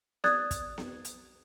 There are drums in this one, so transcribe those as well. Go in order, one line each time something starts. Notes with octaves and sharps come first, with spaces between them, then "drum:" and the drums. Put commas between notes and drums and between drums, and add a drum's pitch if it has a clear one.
D5 D#6 F#6 G#6 A6, drum: snare B3
drum: kick, hi-hat
drum: snare B3
drum: hi-hat